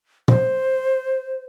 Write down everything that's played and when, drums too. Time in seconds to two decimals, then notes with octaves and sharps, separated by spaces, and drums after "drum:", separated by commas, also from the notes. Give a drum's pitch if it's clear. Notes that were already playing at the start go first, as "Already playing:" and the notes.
0.28 C5, drum: tom